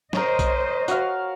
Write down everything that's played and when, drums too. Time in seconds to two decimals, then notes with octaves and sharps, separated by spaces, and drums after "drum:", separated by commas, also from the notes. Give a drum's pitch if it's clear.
0.13 A#4 C5 C#5 D#5, drum: snare
0.39 drum: kick, tambourine
0.88 F#4 F5, drum: tambourine